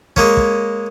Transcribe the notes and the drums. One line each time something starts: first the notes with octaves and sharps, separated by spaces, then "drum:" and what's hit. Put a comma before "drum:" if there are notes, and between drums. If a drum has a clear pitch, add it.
G#3 A#3 C#4, drum: kick
drum: kick